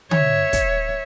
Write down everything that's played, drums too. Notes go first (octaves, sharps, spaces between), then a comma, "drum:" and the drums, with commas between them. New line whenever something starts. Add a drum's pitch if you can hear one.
C#5 E5, drum: tom D3
drum: kick, hi-hat